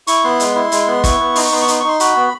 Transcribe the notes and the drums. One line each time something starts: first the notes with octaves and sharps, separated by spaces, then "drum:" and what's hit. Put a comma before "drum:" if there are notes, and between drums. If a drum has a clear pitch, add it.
E4 C#6, drum: hi-hat
B3 C6
G#3, drum: hi-hat
E4
G#3, drum: hi-hat
B3
E4 C#6, drum: kick, hi-hat
B3
D#4 C6, drum: open hi-hat
C#6
B3 C6
C#6
D#4 C6, drum: hi-hat
C#6
D#4 C6
F#4 B5, drum: hi-hat
B3